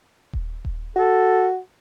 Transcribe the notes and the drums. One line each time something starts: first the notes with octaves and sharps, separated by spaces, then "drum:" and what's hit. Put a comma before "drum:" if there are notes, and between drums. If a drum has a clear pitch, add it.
drum: kick D#1
drum: kick D#1
F#4 A4